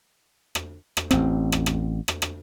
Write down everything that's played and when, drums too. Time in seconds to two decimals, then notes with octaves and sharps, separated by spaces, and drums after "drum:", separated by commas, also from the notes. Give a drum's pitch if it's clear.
0.55 drum: rim click
0.97 drum: rim click
1.11 A1 C4, drum: rim click
1.52 drum: rim click
1.66 drum: rim click
2.08 drum: rim click
2.22 drum: rim click